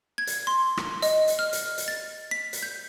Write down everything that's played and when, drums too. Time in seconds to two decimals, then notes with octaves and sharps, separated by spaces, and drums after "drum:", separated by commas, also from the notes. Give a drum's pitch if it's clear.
0.18 G#6
0.27 drum: hi-hat
0.47 C6
0.77 drum: rim click
1.02 D#5, drum: hi-hat
1.28 drum: hi-hat
1.39 F6
1.53 drum: hi-hat
1.78 drum: hi-hat
1.88 A6
2.31 B6
2.53 drum: hi-hat
2.62 G6